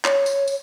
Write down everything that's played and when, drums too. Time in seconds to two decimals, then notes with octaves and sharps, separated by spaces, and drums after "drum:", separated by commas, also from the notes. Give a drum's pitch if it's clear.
0.05 C#5, drum: clap
0.26 drum: tambourine
0.48 drum: tambourine